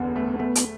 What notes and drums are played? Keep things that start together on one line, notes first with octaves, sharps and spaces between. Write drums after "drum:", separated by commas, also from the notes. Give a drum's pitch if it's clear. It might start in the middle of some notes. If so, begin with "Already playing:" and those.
Already playing: F#1 E2 D3 B3
A3
A3 B3
drum: hi-hat